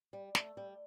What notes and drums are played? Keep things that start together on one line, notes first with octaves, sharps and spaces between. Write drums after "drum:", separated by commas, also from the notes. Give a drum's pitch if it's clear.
G3
A3, drum: snare
G3